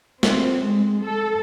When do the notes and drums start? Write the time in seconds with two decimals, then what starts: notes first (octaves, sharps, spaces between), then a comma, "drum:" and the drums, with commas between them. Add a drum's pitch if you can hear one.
0.23 C4, drum: snare
0.64 G#3
1.02 A4